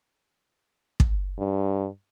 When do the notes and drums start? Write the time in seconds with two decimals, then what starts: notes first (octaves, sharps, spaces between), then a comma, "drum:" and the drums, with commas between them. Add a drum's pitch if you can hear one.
1.00 drum: kick
1.39 G2